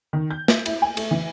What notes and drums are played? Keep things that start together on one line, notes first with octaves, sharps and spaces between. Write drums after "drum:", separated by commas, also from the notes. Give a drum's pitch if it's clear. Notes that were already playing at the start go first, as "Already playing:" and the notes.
D#3
G6
E5, drum: snare
E4, drum: cymbal
G#5
A3, drum: cymbal
E3